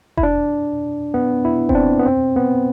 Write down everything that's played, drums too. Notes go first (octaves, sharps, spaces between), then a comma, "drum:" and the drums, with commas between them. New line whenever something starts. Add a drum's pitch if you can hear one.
E4, drum: kick F1
D4
B3
E4
C4, drum: kick F1
D4
B3
C4
B3